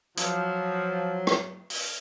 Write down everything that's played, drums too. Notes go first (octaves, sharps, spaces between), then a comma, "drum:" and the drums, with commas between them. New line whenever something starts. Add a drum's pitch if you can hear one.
F3 F#3, drum: hi-hat
drum: rim click
drum: open hi-hat